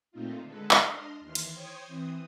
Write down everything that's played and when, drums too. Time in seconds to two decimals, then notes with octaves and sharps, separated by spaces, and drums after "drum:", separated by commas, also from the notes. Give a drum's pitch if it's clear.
0.12 A#2 A3 C4 D#4 F4
0.43 D3 G#3 A4 B4
0.71 drum: clap
0.83 D4 D#5 C6 D#6 F6
1.21 D#2 E3 C6 F6
1.35 drum: cymbal
1.54 C5 C#5 G5 C6 D#6 G#6
1.87 E3 C4 D#6